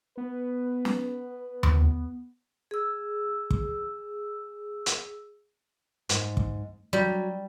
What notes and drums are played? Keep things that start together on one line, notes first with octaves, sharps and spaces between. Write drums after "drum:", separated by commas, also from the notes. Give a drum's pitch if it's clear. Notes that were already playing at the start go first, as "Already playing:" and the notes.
B3 B4
drum: snare
drum: tom D#2
G#4 E6
drum: kick
drum: hi-hat
G#2, drum: hi-hat
drum: kick
F#3 G3